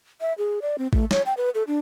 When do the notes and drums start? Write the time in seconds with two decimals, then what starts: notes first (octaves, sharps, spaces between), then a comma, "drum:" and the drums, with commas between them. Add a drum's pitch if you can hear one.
0.21 E5
0.38 G#4
0.62 D5
0.78 C4
0.93 A3, drum: kick A1
1.11 C#5, drum: snare
1.26 G5
1.37 B4
1.55 A4
1.67 D4